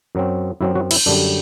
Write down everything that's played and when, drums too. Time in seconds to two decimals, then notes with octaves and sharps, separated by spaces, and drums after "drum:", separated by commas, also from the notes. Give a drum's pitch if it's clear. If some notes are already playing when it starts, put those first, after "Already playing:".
0.15 F#2 F#3 C4
0.61 F#2 F#3 C4 E4
0.75 F#3 F#4
0.91 E4, drum: cymbal
1.06 F#2 D3 G3 D4